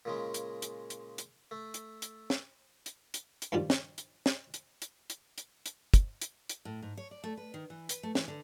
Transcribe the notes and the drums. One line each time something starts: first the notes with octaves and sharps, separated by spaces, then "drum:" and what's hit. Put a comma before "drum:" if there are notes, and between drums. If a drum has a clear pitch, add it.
A#2 C#3 G#3
drum: hi-hat
drum: hi-hat
drum: hi-hat
drum: hi-hat
A3
drum: hi-hat
drum: hi-hat
drum: snare
drum: hi-hat
drum: hi-hat
drum: hi-hat
G2 A#2 D#3 F3 G3
drum: snare
drum: hi-hat
drum: snare
drum: hi-hat
drum: hi-hat
drum: hi-hat
drum: hi-hat
drum: hi-hat
drum: kick, hi-hat
drum: hi-hat
drum: hi-hat
A2
G#2
C#5
D5
A3
B4
D#3
E3
B4, drum: hi-hat
A3
E3, drum: snare
D3